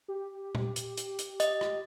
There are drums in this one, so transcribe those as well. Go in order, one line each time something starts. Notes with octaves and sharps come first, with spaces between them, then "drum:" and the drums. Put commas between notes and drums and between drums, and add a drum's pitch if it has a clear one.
G4
drum: tom A#2
drum: hi-hat
drum: hi-hat
drum: hi-hat
D#5, drum: hi-hat
drum: rim click